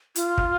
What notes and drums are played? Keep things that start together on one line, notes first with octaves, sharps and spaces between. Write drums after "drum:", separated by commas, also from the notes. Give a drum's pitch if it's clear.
F4, drum: hi-hat
drum: kick